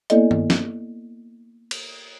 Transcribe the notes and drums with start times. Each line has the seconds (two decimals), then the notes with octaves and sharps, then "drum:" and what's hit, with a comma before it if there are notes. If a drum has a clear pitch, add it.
0.10 A#3 B3 E4 A4 D5 D#5, drum: hi-hat
0.31 drum: tom
0.50 drum: snare
1.71 drum: cymbal